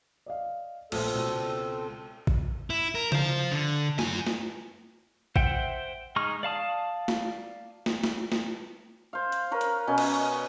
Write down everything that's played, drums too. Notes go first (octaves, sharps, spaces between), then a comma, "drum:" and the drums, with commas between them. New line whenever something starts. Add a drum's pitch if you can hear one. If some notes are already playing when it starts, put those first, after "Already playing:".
D5 D#5 F5
A#1 C4 A4, drum: cymbal
C#2 B2
drum: kick A1
E4
A#4
C5 F5, drum: tom C#3
D3
F#2 G#5, drum: snare
drum: snare
C5 E5 F#5 G5, drum: kick A1
G#3 D#4 C#6 F6
D5 F5 A5 D#6
drum: snare
drum: snare
drum: snare
drum: snare
C5 F5
drum: hi-hat
A#4 B4 C#5
drum: hi-hat
B2 C#4 B4 D#5
drum: cymbal